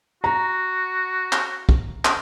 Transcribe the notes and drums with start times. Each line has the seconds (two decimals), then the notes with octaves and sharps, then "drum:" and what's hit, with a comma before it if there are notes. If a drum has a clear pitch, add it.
0.24 F#4 A#5
1.32 drum: clap
1.69 drum: kick
2.05 drum: clap